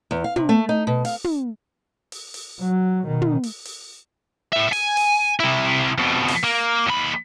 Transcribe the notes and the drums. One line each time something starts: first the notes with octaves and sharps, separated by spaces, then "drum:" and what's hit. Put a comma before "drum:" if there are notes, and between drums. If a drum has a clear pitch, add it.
E2
F5
C3, drum: tom
A3
D#4
B2
F5, drum: open hi-hat
drum: tom
drum: open hi-hat
drum: open hi-hat
F#3
B2 D#3
drum: tom
drum: open hi-hat
drum: open hi-hat
A2 E5
G#5, drum: open hi-hat
drum: open hi-hat
C3 E4
F2 B2
drum: open hi-hat
A#3
D#2 B5